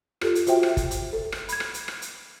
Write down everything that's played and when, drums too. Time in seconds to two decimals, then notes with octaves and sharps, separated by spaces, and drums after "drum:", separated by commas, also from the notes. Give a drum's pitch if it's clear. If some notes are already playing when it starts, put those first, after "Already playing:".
0.21 F4 G4 A4, drum: rim click
0.35 drum: hi-hat
0.47 F4 F#4 C5 E5 G5, drum: hi-hat
0.63 drum: rim click
0.77 drum: kick, hi-hat
0.91 drum: hi-hat
1.13 A4
1.32 drum: rim click
1.49 B5 G#6, drum: hi-hat
1.60 drum: rim click
1.74 drum: hi-hat
1.88 drum: rim click
2.02 drum: hi-hat